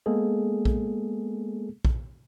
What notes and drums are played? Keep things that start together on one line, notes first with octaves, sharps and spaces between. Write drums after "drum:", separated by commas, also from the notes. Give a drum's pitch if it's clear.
G#3 A#3 B3 G#4 A4
drum: kick A#1
drum: kick A#1